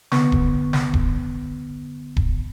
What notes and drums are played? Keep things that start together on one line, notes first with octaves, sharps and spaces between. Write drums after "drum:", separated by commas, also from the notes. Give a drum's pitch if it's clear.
D3 B3 C#6, drum: snare
drum: kick D#1
drum: snare
drum: kick D#1
drum: kick D#1